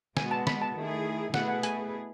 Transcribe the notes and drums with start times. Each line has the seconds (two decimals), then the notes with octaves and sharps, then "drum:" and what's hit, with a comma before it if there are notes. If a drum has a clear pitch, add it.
0.17 B2 G#3 B3 F#4 G#5, drum: snare
0.31 A5
0.47 B5, drum: snare
0.61 A5
0.75 D#3 A3 E4 G#4
1.34 B2 A3 E4 G#4 B4 F#5, drum: snare
1.48 F#5
1.63 G#5, drum: hi-hat